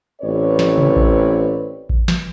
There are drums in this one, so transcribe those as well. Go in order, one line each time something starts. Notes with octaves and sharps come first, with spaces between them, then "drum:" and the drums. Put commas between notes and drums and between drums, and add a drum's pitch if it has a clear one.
A1 C4 B4 C#5 D5
drum: snare
drum: tom C3
drum: kick A1
drum: kick A1
drum: snare